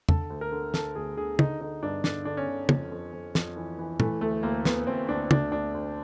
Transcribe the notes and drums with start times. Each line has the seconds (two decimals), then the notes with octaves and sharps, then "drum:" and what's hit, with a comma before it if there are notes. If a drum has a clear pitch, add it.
0.09 D3 A4, drum: tom E2
0.30 D2
0.41 A#4
0.52 D3
0.74 D3 A4, drum: snare
0.95 D2 G#4
1.17 D3 G#4
1.39 D3 D#4, drum: tom
1.61 D3 D#4
1.83 G2 D4
2.04 D3 D4, drum: snare
2.25 D3 D4
2.37 C#4
2.48 D3
2.69 F2, drum: tom
2.92 F2
3.13 F2
3.35 F2, drum: snare
3.56 E3
3.78 E3
4.00 E3 A3, drum: tom
4.21 D2 A3
4.43 D2 A#3
4.65 D2 B3, drum: snare
4.86 D2 C4
5.09 D2 D4
5.31 D2 D4, drum: tom
5.52 D2 D4
5.74 D2